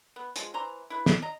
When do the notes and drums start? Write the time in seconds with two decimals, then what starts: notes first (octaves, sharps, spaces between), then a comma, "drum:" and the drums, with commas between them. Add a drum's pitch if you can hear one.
0.16 B3
0.36 F3 G#3, drum: hi-hat
0.54 E3 C5 A#5
0.90 E4 B4
1.06 drum: snare
1.22 D#5 A#5